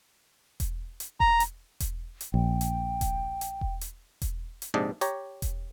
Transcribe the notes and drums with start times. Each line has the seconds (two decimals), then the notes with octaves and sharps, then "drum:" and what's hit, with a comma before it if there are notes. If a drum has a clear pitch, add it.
0.60 drum: kick E1, hi-hat
1.00 drum: hi-hat
1.20 A#5, drum: kick E1
1.40 drum: hi-hat
1.80 drum: kick E1, hi-hat
2.21 drum: hi-hat
2.34 A#1 G5
2.61 drum: hi-hat
3.01 drum: kick E1, hi-hat
3.41 drum: hi-hat
3.61 drum: kick E1
3.81 drum: hi-hat
4.22 drum: kick E1, hi-hat
4.62 drum: hi-hat
4.74 A#1 G#2 C3 D5 D#5 A5
5.01 G4 C#5 A#5, drum: hi-hat
5.42 drum: kick E1, hi-hat